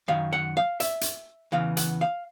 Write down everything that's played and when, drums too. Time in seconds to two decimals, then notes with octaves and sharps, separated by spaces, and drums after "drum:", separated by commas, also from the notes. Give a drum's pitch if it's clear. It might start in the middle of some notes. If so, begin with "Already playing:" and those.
0.08 F#2 D#3 F5
0.33 F#5
0.57 F5
0.80 E5, drum: hi-hat
1.01 drum: hi-hat
1.52 E2 C#3 E3 F5
1.77 F#5, drum: hi-hat
2.01 F5